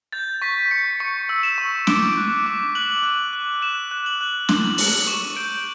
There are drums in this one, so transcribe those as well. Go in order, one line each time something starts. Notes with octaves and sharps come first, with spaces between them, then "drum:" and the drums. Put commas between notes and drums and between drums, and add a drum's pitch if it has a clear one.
G6 A6
C#6 B6
C#6 C#7
C#6 C#7
E6
E7
C#6
D6 D7, drum: snare
F#6
D6
F#6 F#7
F#6
F#6
F#6 E7
F#6
F#7
F#6
F#6 F#7, drum: snare
F#6 F#7, drum: open hi-hat
C#6 E7
G6 D7